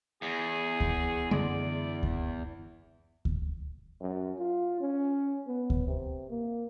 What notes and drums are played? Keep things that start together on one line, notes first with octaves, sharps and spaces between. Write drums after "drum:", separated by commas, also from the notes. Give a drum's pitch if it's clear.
E2 G#4
drum: kick D2
F#2 D3 G#3 D5
drum: kick D2
drum: kick D2
F#2
F4
C#4
B3
drum: kick D2
C3
A#3